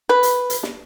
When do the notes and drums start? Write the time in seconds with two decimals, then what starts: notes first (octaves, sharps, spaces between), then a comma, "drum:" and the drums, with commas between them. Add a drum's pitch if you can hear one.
0.09 B4
0.23 drum: hi-hat
0.50 drum: hi-hat
0.63 drum: snare